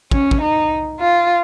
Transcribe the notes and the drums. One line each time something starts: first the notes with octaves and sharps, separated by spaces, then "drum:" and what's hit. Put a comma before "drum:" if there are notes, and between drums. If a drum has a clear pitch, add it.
C#4, drum: kick
drum: kick
D#4
F4